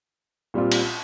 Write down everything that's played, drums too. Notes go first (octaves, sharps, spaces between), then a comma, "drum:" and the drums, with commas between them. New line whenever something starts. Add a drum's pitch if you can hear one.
A#2 G3 C4 F4
drum: cymbal